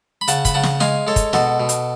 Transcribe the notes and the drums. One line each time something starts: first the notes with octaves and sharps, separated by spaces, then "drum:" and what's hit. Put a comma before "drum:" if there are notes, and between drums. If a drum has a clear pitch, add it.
B5
C#3 F#5 A5, drum: hi-hat
B5, drum: kick, hi-hat
C#3 F#5 A5
drum: snare
G#3 F5 G#5, drum: snare
G#3 A4 C#5
drum: kick, hi-hat
B2 F#4 A4, drum: snare
B2
drum: hi-hat